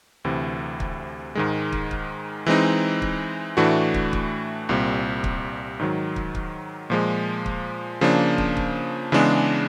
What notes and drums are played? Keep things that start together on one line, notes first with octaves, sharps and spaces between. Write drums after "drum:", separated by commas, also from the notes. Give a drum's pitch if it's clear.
D2 C3 E3
drum: kick
G#2 D#3 G#3
drum: kick
drum: kick
E3 G#3 C4 D#4
drum: kick
A2 E3 A3 D4 F#4
drum: kick
drum: kick
C2 A#2 G3 C4
drum: kick
G#2 D#3 F#3
drum: kick
drum: kick
A#2 F3 G#3
drum: kick
C#3 F3 A#3 D4
drum: kick
drum: kick
C#3 E3 G#3 B3 D4